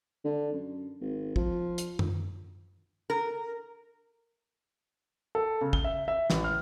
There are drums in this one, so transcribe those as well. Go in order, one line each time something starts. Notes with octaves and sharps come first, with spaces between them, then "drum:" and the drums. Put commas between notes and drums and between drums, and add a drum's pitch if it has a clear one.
D3
F#2
G#1
F3, drum: kick
drum: hi-hat
drum: tom F#2
A#4
A4
C#3
G7, drum: kick
E5
E5
A1, drum: snare
F6